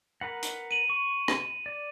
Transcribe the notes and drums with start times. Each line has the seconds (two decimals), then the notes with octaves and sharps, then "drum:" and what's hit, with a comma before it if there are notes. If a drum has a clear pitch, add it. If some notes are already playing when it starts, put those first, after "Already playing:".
0.21 A#4 B4 F#5
0.43 drum: hi-hat
0.71 D#7 F#7
0.90 C#6
1.28 drum: rim click
1.66 D5